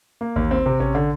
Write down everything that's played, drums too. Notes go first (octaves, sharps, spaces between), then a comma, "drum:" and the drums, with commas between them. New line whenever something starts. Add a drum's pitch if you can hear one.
A#3
D#2, drum: kick A1
C4
C3
C#4, drum: kick A1
D3